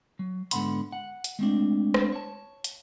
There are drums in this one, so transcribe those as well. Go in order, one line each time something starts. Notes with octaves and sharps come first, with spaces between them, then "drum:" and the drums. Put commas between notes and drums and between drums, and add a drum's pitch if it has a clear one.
F#3
G#2 D3 B3 F#5 B5 C6, drum: hi-hat
F#5
drum: hi-hat
G#3 A3 C4 D4
drum: rim click
C#5 A5
drum: hi-hat